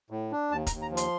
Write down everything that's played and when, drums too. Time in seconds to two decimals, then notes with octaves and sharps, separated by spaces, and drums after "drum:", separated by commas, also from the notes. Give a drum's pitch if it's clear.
0.11 A2
0.32 D4
0.51 D#2 A5
0.67 A#5, drum: kick, hi-hat
0.72 D#2
0.82 A#5
0.91 F3
0.97 C6, drum: hi-hat